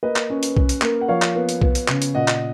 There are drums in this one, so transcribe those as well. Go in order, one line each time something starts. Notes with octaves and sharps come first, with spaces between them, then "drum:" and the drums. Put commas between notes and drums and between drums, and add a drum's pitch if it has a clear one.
A#3 B4 D#5
drum: clap
C#4
drum: hi-hat
C#4, drum: kick B1
drum: hi-hat
A#3, drum: clap
F#5
F3 C#5 F5
drum: clap
B3
drum: hi-hat
B3, drum: kick B1
drum: hi-hat
C#3, drum: clap
drum: hi-hat
A#2 D#5 F#5
drum: clap